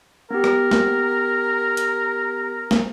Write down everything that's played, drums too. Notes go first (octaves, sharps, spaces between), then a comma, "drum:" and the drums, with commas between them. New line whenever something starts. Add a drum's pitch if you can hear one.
B3 G4 A#4
drum: rim click
drum: snare
drum: hi-hat
drum: snare